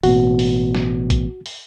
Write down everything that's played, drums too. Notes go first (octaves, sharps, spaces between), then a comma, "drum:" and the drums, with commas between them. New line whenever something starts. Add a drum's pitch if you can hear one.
A1 B2 F#4, drum: open hi-hat
drum: open hi-hat
drum: snare
drum: kick, hi-hat
drum: open hi-hat